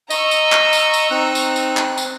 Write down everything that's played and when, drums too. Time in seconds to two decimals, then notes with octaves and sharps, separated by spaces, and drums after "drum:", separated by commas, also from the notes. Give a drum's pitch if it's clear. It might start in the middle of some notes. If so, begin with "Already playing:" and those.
0.10 D#5 A#5 C#6 E6, drum: tambourine
0.31 drum: tambourine
0.52 drum: clap
0.73 drum: tambourine
0.94 drum: tambourine
1.11 C4 D#4 F#6
1.35 drum: tambourine
1.56 drum: tambourine
1.77 drum: clap
1.98 drum: tambourine